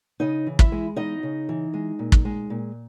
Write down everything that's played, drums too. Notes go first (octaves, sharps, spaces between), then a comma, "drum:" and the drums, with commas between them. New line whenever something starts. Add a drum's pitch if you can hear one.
C#3 D#4 D#5
E3
E4 E5, drum: kick
G#3
E2 D#4 D#5
C#3
E3
G#3
A#2
drum: kick
G#3
A#2